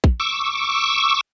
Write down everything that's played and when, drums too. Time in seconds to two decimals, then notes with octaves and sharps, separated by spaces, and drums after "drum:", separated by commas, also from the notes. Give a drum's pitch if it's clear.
0.04 drum: kick
0.20 C#6 D6 E6